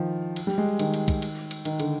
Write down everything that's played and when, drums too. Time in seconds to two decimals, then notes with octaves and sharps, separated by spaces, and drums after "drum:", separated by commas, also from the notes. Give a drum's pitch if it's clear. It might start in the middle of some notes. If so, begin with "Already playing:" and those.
Already playing: D#3 F3
0.36 drum: cymbal
0.47 G3
0.58 G#3
0.79 D#3, drum: cymbal
0.94 drum: cymbal
1.08 drum: kick B1, cymbal
1.22 drum: cymbal
1.51 drum: cymbal
1.65 D#3, drum: cymbal
1.80 D3, drum: cymbal